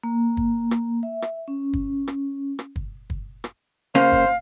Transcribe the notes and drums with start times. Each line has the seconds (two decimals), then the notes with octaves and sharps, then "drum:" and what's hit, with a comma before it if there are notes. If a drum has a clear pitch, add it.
0.03 A#3
0.37 drum: kick
0.71 drum: rim click
1.03 E5
1.22 drum: rim click
1.48 C#4
1.73 drum: kick
2.08 drum: rim click
2.59 drum: rim click
2.76 drum: kick
3.10 drum: kick
3.44 drum: rim click
3.95 C#3 A#3 C#4 C5 F5, drum: rim click
4.12 drum: kick